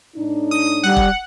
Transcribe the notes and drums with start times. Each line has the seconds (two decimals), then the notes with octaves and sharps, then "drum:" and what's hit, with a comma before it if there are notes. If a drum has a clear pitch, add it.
0.15 A2 D4 D#4
0.51 D#6
0.83 G3 F#5
0.97 drum: kick